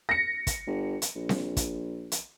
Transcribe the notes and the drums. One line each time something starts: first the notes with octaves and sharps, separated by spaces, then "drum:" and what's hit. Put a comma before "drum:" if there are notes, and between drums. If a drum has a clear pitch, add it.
A#6 C#7
drum: kick, hi-hat
G1
drum: hi-hat
A#1
drum: snare C4
drum: kick, hi-hat
drum: hi-hat